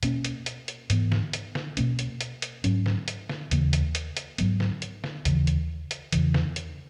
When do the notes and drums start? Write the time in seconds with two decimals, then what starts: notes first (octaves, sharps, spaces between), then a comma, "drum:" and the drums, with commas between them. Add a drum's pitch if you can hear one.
0.03 B2 A#3 C#4, drum: hi-hat
0.25 drum: hi-hat
0.46 drum: hi-hat
0.68 drum: hi-hat
0.90 G#2 E3 B3, drum: hi-hat
1.12 drum: snare
1.33 drum: hi-hat
1.55 drum: snare
1.77 B2 A#3 C#4, drum: hi-hat
1.99 drum: hi-hat
2.21 drum: hi-hat
2.42 drum: hi-hat
2.64 G#2 F#3 C#4, drum: hi-hat
2.86 drum: snare
3.08 drum: hi-hat
3.29 drum: snare
3.51 D#2 C#3 E3 A#3, drum: hi-hat
3.73 drum: hi-hat
3.95 drum: hi-hat
4.17 drum: hi-hat
4.38 G#2 F#3 B3, drum: hi-hat
4.60 drum: snare
4.82 drum: hi-hat
5.04 drum: snare
5.25 D#2 C#3 E3, drum: hi-hat
5.47 drum: hi-hat
5.91 drum: hi-hat
6.12 E2 C#3 E3, drum: hi-hat
6.34 drum: snare
6.56 drum: hi-hat